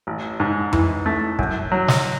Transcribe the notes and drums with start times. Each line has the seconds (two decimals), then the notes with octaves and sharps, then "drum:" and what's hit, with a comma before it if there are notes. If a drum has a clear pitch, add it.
0.07 A1
0.40 G#2
0.73 E3, drum: tom F2
1.06 A3
1.39 F#2, drum: kick
1.72 F#3
1.88 drum: snare